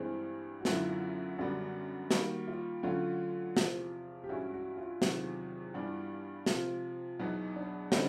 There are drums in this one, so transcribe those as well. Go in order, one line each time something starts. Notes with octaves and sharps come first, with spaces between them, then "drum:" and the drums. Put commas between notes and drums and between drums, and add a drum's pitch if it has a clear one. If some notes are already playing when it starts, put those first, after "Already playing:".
Already playing: G2 E3 G#3 C4 G4
F#4
F#2 D3 F#3 B3 E4 F4, drum: snare
F#2 D3 G3 B3 D4 F#4
D#3 G3 A#3 F#4, drum: snare
F4
D3 F#3 A3 C#4 F4
E2 C3 F3, drum: snare
G4
G2 E3 G#3 C#4 E4 F#4
F#4
F4
E2 C3 D#3 F#3, drum: snare
G2 E3 G3 B3 D4
C3 F3 G#3 F4, drum: snare
E2 B2 F#3 B3 D#4
D4
D3 G3 C4 C#4 D#4, drum: snare